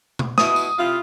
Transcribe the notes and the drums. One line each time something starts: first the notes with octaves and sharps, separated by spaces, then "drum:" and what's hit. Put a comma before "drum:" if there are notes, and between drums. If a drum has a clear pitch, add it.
drum: tom B2
B2 E4 D#6, drum: snare
drum: tambourine
C3 E4 F4